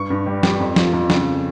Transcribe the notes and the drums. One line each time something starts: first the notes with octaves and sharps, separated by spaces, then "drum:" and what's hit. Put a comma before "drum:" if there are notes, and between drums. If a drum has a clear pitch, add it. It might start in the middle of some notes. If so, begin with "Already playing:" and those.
Already playing: G2 C#6
G2
G3
G3, drum: snare
F2
F3, drum: snare
F2
C#3, drum: snare